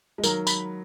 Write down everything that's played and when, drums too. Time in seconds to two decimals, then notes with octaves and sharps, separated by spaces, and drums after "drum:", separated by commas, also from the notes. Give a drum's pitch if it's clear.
0.18 G#3
0.23 D#3 F#3 A#4, drum: tambourine
0.47 B5, drum: tambourine